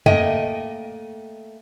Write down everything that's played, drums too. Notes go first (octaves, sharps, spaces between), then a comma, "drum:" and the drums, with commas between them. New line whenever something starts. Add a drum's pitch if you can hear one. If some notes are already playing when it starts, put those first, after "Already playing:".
A3 A#3 D#5 G5, drum: tom F2